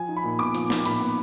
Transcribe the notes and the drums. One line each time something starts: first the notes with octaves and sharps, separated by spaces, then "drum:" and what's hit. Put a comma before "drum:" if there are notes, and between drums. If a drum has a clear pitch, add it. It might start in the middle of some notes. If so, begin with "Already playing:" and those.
Already playing: F3 G#5
D#4
B5
A#2
B3 D6
F3, drum: hi-hat
D#4, drum: snare
A#2 B5, drum: hi-hat
B3